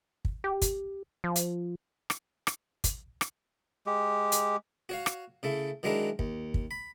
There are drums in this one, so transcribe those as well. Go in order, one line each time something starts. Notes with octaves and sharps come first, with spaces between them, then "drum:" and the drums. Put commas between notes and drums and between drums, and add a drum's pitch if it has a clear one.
drum: kick
G4
drum: kick, hi-hat
F3
drum: hi-hat
drum: rim click
drum: rim click
drum: kick, hi-hat
drum: rim click
G#3 G4
drum: hi-hat
F#4 C#5 F5
drum: rim click
C#3 A3 E4
D#3 F#3 G#3 D4 E4 A#4
D#2, drum: kick
drum: kick
B5